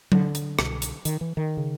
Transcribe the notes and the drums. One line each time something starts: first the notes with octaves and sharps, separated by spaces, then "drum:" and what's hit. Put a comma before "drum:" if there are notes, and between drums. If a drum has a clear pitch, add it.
D3, drum: tom F#3
drum: hi-hat
C2 B2, drum: rim click
drum: hi-hat
D#3, drum: hi-hat
E3
D#3
C#3